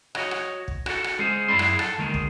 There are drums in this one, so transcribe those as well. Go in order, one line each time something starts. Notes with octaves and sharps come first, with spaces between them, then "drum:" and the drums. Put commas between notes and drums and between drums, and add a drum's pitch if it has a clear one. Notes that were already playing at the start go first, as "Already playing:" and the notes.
F#4 C#5 D#5, drum: rim click
drum: rim click
drum: kick
F#4 A4, drum: rim click
drum: rim click
G#3 C#4 G#4 C5
F#2 E4 G#4 D5 B5 C6
drum: rim click
A4, drum: rim click
D2 D#3 G#3 A#3
drum: kick